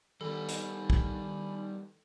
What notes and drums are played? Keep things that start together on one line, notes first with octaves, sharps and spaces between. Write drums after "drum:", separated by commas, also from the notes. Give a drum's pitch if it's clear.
D#3 G3 B3 A4 G#5 B5
drum: hi-hat
drum: kick